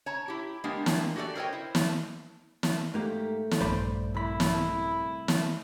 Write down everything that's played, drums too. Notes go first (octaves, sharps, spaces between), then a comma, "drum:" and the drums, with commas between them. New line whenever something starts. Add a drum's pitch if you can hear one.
C#5 A5 A#5
E4 G4
G#3 A#3 B3 D4 G4
drum: snare
F#4 G4 A4 C5 D5
A#4 C5 C#5 D#5 G5
E4 C5
drum: snare
drum: snare
G#2 A3 A#3 G4
drum: snare
A#1 G2 C5 D5 B5
C2 E4 B5
drum: snare
drum: snare